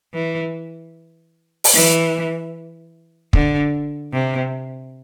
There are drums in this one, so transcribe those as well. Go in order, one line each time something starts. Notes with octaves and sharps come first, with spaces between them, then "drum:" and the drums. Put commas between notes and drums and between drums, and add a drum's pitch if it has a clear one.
E3
drum: open hi-hat
E3
D3, drum: kick
C3